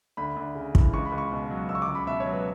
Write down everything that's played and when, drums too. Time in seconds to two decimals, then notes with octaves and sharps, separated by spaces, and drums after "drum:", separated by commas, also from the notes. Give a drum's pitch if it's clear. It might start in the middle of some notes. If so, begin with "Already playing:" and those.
0.17 D2 B5
0.36 D2
0.55 C#3
0.75 E3, drum: kick
0.93 C#2 C#6
1.06 B5
1.12 C#2
1.18 C#6
1.32 B2
1.50 F#3
1.69 C#2 E6
1.75 C#6
1.82 D6
1.88 C#2
1.95 B5
2.07 B2 E5
2.20 C#5
2.26 F#3
2.33 B4